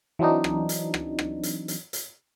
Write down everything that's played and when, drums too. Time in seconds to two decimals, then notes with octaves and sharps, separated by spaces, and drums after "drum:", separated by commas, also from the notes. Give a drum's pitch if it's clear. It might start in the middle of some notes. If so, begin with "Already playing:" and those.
0.19 E3 F#3 C4 D4 D#4
0.44 drum: rim click
0.69 drum: hi-hat
0.94 drum: rim click
1.19 drum: rim click
1.43 drum: hi-hat
1.68 drum: hi-hat
1.93 drum: hi-hat